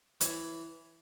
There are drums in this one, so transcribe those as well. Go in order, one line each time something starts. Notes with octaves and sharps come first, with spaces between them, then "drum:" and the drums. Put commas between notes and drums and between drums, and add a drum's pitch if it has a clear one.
E3 C#5, drum: hi-hat